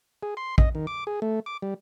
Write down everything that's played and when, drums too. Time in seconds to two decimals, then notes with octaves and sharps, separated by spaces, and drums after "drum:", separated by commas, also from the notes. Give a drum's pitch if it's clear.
0.23 G#4
0.37 C6
0.58 D#5, drum: kick A#1
0.75 D#3
0.87 D6
1.07 G#4
1.22 A3
1.46 D6
1.62 G3